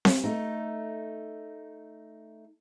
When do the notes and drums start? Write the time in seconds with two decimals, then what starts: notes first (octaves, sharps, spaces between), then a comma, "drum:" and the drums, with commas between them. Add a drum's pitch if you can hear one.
0.05 drum: snare C4
0.24 A3 D#4